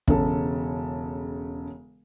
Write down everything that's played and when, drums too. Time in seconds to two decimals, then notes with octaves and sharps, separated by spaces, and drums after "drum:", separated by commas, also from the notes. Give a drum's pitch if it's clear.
0.08 E1 C#3 A4, drum: kick